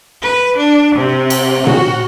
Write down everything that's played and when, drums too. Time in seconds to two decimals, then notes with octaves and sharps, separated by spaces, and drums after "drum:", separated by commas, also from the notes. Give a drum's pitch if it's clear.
0.22 B4
0.57 D4
0.95 C3
1.30 drum: cymbal
1.67 F#4, drum: tom A#2